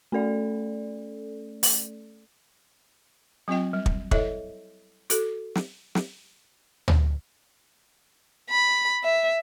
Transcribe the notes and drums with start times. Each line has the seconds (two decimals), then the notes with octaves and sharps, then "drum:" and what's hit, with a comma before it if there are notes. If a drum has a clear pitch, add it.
0.12 A3 C#4 A4 D5
1.63 drum: open hi-hat
3.48 F#3 C4 F4 D#5 G5
3.73 G3
3.86 drum: kick
4.11 E4 A4 C#5 D#5 E5, drum: kick
5.10 F#4 A4, drum: hi-hat
5.55 drum: snare
5.95 drum: snare
6.88 drum: tom
8.50 B5
9.04 E5